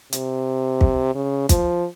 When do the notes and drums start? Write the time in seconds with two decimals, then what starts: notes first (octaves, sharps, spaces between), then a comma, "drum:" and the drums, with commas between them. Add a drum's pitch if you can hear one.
0.12 C3, drum: hi-hat
0.81 drum: kick
1.15 C#3
1.49 F3, drum: kick, hi-hat